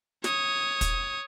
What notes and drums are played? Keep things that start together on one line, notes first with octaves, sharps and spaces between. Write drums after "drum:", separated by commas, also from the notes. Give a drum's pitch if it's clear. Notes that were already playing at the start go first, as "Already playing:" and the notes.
C#5 D#6, drum: snare
drum: kick, hi-hat